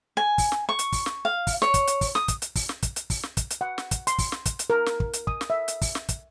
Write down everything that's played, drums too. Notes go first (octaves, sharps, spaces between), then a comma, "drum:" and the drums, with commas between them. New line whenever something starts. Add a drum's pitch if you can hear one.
G#5
drum: kick, open hi-hat
drum: snare
C#6
drum: hi-hat
drum: kick, open hi-hat
drum: snare
F5
drum: kick, open hi-hat
C#5, drum: snare
drum: kick, hi-hat
drum: hi-hat
drum: kick, open hi-hat
D#6, drum: snare
drum: kick, hi-hat
drum: hi-hat
drum: kick, open hi-hat
drum: snare
drum: kick, hi-hat
drum: hi-hat
drum: kick, open hi-hat
drum: snare
drum: kick, hi-hat
drum: hi-hat
F#5
drum: snare
drum: kick, hi-hat
C6, drum: hi-hat
drum: kick, open hi-hat
drum: snare
drum: kick, hi-hat
drum: hi-hat
A#4
drum: snare
drum: kick
drum: hi-hat
D#6, drum: kick
drum: snare
E5
drum: hi-hat
drum: kick, open hi-hat
drum: snare
drum: kick, hi-hat